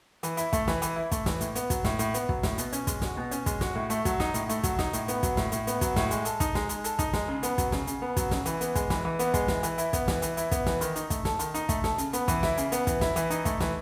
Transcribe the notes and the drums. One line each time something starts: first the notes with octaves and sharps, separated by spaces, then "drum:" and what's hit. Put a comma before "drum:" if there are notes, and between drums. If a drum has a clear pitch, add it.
E3, drum: hi-hat
E4, drum: hi-hat
A3, drum: kick, hi-hat
E3, drum: snare
E3, drum: hi-hat
E4
A3, drum: kick, hi-hat
E3, drum: snare
A2, drum: hi-hat
B3, drum: hi-hat
F#3, drum: kick, hi-hat
A2, drum: snare
A2, drum: hi-hat
B3, drum: hi-hat
F#3, drum: kick
A2, drum: snare
B2, drum: hi-hat
C#4, drum: hi-hat
G#3, drum: kick, hi-hat
F#4, drum: snare
B2
C#4, drum: hi-hat
G#3, drum: kick, hi-hat
F#4, drum: snare
A2
A3, drum: hi-hat
F#3, drum: kick, hi-hat
D#4, drum: snare
A2, drum: hi-hat
A3, drum: hi-hat
F#3, drum: kick, hi-hat
D#4, drum: snare
A2, drum: hi-hat
B3, drum: hi-hat
F#3, drum: kick, hi-hat
A2, drum: snare
A2, drum: hi-hat
B3, drum: hi-hat
F#3, drum: kick, hi-hat
A2, drum: snare
G#3, drum: hi-hat
A4, drum: hi-hat
D#4, drum: kick, hi-hat
G#3, drum: snare
G#3, drum: hi-hat
A4, drum: hi-hat
D#4, drum: kick, hi-hat
G#3, drum: snare
C#3
B3, drum: hi-hat
F#3, drum: kick, hi-hat
C#3, drum: snare
C#3, drum: hi-hat
B3
F#3, drum: kick, hi-hat
C#3, drum: snare
E3, drum: hi-hat
B3, drum: hi-hat
G#3, drum: kick, hi-hat
E3, drum: snare
E3
B3, drum: hi-hat
G#3, drum: kick, hi-hat
E3, drum: snare
E3, drum: hi-hat
E4, drum: hi-hat
B3, drum: kick, hi-hat
E3, drum: snare
E3, drum: hi-hat
E4, drum: hi-hat
B3, drum: kick, hi-hat
E3, drum: snare
D#3, drum: hi-hat
D#4, drum: hi-hat
A3, drum: kick, hi-hat
A4, drum: snare
D#3, drum: hi-hat
D#4, drum: hi-hat
A3, drum: kick, hi-hat
A4, drum: snare
C#3, drum: hi-hat
B3, drum: hi-hat
E3, drum: kick, hi-hat
E4, drum: snare
C#3, drum: hi-hat
B3, drum: hi-hat
E3, drum: kick, hi-hat
E4, drum: snare
E3, drum: hi-hat
D#4, drum: hi-hat
A3, drum: kick, hi-hat
E3, drum: snare